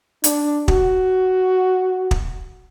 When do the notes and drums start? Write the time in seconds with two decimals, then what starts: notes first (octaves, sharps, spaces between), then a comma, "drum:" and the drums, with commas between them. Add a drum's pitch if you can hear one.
0.24 D4, drum: hi-hat
0.68 F#4, drum: kick
2.11 drum: kick